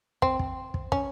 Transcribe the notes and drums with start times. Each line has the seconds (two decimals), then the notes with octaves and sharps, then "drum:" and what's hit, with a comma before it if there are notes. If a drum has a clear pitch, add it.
0.22 C4, drum: kick
0.39 drum: kick
0.74 drum: kick
0.92 C#4, drum: kick